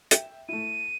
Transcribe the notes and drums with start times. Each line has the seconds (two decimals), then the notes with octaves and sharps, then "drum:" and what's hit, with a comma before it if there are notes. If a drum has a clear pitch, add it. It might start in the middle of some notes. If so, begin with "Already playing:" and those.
0.11 E5 G5, drum: hi-hat
0.49 A3 E4 D#7